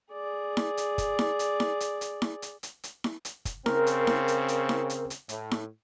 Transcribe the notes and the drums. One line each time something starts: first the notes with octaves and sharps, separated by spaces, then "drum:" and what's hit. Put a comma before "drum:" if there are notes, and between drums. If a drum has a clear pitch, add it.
G#4 D5
drum: snare E4
drum: hi-hat
drum: kick, hi-hat
drum: snare E4
drum: hi-hat
drum: snare E4
drum: hi-hat
drum: hi-hat
drum: snare E4
drum: hi-hat
drum: hi-hat
drum: hi-hat
drum: snare E4
drum: hi-hat
drum: kick, hi-hat
C#3 C4 A#4, drum: snare E4
drum: hi-hat
drum: snare E4
drum: hi-hat
drum: hi-hat
drum: snare E4
drum: hi-hat
drum: hi-hat
A2, drum: hi-hat
drum: snare E4